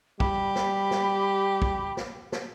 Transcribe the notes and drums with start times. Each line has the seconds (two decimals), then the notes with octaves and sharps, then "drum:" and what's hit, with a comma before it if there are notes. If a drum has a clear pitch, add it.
0.20 G3 G4 B5, drum: kick
0.56 drum: snare
0.91 drum: snare
1.62 drum: kick
1.97 drum: snare
2.32 drum: snare